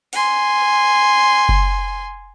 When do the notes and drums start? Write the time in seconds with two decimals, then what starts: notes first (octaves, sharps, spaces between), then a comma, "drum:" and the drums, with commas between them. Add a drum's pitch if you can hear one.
0.13 G#5 C6, drum: open hi-hat
1.49 drum: kick F#1